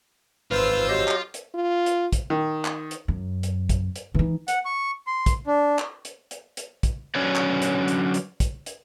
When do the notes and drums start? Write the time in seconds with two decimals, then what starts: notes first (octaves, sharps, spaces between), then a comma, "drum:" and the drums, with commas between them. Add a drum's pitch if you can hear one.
0.51 G#1 F4 B4 C5 E6
0.89 F#3 G4 D#5 G6
1.08 drum: clap
1.34 drum: hi-hat
1.55 F4
1.86 drum: hi-hat
2.13 drum: kick, hi-hat
2.30 D#3
2.65 drum: clap
2.91 drum: hi-hat
3.08 F#2
3.43 drum: hi-hat
3.69 drum: kick, hi-hat
3.96 drum: hi-hat
4.14 E3 D#4
4.48 F#5, drum: hi-hat
4.65 C#6
5.07 C6
5.26 drum: kick, hi-hat
5.47 D4
5.79 drum: clap
6.05 drum: hi-hat
6.31 drum: hi-hat
6.57 drum: hi-hat
6.83 drum: kick, hi-hat
7.15 D3 F#3 C#4 B4 C#5 D5
7.36 drum: clap
7.62 drum: hi-hat
7.88 drum: hi-hat
8.14 drum: hi-hat
8.40 drum: kick, hi-hat
8.66 drum: hi-hat